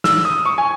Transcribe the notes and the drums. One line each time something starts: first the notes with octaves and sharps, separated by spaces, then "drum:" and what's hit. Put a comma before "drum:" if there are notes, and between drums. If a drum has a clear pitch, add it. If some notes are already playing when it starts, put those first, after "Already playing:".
E6, drum: snare
D#6
C#6
G#5